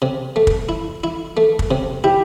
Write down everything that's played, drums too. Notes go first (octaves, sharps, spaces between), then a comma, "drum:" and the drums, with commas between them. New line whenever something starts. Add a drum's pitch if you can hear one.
C3
A3
drum: kick
E4
E4
A3
drum: kick
C3
E4 G4